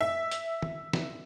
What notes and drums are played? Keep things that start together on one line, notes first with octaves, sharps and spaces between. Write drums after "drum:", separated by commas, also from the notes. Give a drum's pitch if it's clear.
E5
drum: hi-hat
drum: tom
drum: snare